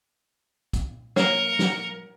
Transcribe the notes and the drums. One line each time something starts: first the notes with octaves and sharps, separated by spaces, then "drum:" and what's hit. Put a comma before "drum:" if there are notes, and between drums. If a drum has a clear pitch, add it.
drum: kick, hi-hat
A#3 A#4 C#5 C#7, drum: snare
drum: snare